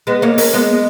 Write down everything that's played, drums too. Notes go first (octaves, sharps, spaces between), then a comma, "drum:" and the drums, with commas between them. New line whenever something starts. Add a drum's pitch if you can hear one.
G#3 B3
A#3 C#4
A#3 C#4, drum: open hi-hat
G#3 B3